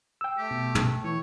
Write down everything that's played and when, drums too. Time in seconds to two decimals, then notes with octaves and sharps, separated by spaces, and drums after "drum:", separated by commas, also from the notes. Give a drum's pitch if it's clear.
0.21 G5 E6
0.38 A3 G4
0.51 B2
0.75 drum: tom
1.04 E3 C#5